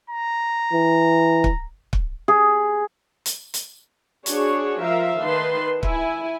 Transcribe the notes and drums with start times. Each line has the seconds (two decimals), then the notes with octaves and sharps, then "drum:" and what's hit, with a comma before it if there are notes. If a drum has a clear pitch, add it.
0.10 A#5
0.73 E3
1.44 drum: kick
1.93 drum: kick
2.28 G#4
3.26 drum: hi-hat
3.54 drum: hi-hat
4.26 D4 F#4 G#4 C#5, drum: hi-hat
4.82 F3 A#4 E5 F5
5.20 D#3 B4 A5 C6
5.83 E4 G#5, drum: kick